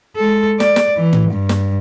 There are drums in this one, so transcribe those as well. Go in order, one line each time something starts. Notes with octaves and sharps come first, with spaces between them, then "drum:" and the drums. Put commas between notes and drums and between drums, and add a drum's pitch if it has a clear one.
G#3 A4
D5, drum: snare
drum: snare
E3
drum: tom
G2
drum: snare